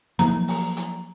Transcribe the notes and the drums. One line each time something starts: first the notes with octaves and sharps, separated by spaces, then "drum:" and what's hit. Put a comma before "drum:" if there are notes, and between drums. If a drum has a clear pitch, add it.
F3 F#3 A#3 A#5, drum: snare
drum: open hi-hat
drum: hi-hat